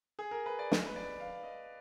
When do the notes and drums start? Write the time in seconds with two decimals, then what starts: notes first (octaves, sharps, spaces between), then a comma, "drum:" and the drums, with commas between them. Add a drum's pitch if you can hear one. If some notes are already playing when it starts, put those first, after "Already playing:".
0.19 G#4
0.31 A#4
0.46 B4
0.59 D5
0.72 D#5, drum: snare
0.86 B4
0.96 D5
1.20 F5
1.43 D#5